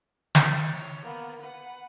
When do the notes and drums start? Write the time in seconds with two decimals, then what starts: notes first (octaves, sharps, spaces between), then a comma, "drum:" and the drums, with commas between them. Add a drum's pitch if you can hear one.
0.35 E4 A5, drum: snare
0.72 C#5
1.03 A#3 B3
1.42 B4 F#5